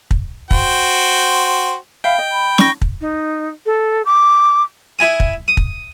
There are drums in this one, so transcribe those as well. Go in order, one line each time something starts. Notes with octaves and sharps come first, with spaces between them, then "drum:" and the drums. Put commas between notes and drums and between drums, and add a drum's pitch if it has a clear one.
drum: kick
F#4 C5 G5, drum: kick
E5 F5 G5 B5
D#5
B5
D5 C#6 A#6, drum: snare
drum: kick
D#4
A4
D6
E4 G#5 D#6
drum: kick
D#6
drum: kick